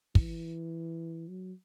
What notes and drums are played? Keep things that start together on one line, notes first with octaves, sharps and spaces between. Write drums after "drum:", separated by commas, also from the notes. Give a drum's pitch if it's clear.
E3, drum: kick
F#3